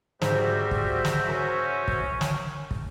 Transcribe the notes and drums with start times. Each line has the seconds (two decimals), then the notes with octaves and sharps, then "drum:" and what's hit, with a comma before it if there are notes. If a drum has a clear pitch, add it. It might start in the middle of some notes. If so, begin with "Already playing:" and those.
0.21 G#2 G3 F#4 C5 E5, drum: snare
0.71 drum: kick
1.05 drum: snare
1.29 C#4 A#4
1.88 drum: kick
2.21 drum: snare
2.71 drum: kick